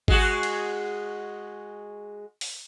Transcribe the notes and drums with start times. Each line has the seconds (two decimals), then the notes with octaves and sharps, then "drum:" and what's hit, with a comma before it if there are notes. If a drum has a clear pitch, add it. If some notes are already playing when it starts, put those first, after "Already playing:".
0.08 G#3 F#4 G#4, drum: kick G#1
0.43 drum: cymbal
2.41 drum: open hi-hat